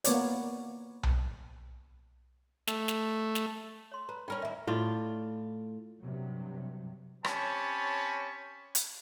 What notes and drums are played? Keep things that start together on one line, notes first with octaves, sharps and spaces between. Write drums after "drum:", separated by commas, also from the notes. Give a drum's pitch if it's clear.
A#3 B3 C#5 D5, drum: hi-hat
drum: tom B1
A3, drum: snare
drum: snare
drum: snare
C#5 C6
B4 A#5
C#4 D#4 A#4 B4 G5
D#2 E4 E5 A#5
A2 F4 D5
G2 C3 F#3
C4 C#4 G4 C#5 A5 B5, drum: rim click
drum: hi-hat